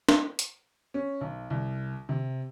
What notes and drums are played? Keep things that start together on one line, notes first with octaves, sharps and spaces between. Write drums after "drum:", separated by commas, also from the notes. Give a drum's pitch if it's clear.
drum: snare D4
drum: hi-hat
C#4
B1
C2
C3